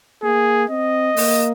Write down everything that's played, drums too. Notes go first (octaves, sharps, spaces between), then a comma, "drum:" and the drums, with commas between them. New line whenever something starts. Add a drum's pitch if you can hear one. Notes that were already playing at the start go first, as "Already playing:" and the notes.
A#3 G#4
C4 D#5
A#3, drum: open hi-hat